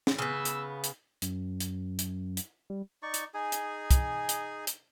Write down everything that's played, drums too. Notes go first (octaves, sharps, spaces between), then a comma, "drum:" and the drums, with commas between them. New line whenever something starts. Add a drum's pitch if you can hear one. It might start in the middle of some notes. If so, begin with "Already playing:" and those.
drum: snare
C#3 B3 E6
drum: hi-hat
drum: hi-hat
F#2, drum: hi-hat
drum: hi-hat
drum: hi-hat
drum: hi-hat
G3
D#4 D5 C#6
drum: hi-hat
D#4 G#4 G#5
drum: hi-hat
drum: kick, hi-hat
drum: hi-hat
drum: hi-hat